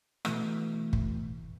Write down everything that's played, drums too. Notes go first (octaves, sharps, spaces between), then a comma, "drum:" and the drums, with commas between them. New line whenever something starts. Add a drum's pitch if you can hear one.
B2 E3 A3, drum: rim click
drum: kick